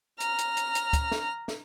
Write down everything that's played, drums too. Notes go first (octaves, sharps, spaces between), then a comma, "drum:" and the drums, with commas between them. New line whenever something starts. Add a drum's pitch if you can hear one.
A#5 F6, drum: hi-hat
drum: hi-hat
drum: hi-hat
drum: hi-hat
drum: kick, hi-hat
drum: snare
drum: snare